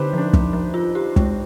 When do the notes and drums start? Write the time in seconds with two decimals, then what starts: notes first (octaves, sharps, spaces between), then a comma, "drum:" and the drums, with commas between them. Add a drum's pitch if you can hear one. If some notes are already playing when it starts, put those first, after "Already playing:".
Already playing: D3 D4 D#4 G4 B4 C5
0.13 F3 D4
0.33 F3, drum: kick
0.53 F3
0.74 F4
0.95 G4
1.16 G#3, drum: kick